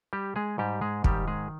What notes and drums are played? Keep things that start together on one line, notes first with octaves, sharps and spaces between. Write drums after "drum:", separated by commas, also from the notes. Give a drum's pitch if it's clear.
G3 G4
G#3 G#4
G#2 G3 G4
G#3 G#4
D#3 G3 G4, drum: kick
G#3 G#4